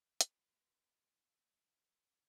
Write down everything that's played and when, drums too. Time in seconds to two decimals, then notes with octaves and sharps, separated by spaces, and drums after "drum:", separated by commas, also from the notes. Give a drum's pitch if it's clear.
0.21 B3 F#4 B4 D#5 C6, drum: hi-hat
1.23 E5